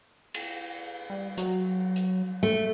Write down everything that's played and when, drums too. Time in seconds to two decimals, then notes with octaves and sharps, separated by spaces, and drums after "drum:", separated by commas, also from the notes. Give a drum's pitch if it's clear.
0.34 drum: cymbal
1.10 G3
1.38 F#3, drum: hi-hat
1.96 drum: hi-hat
2.43 A3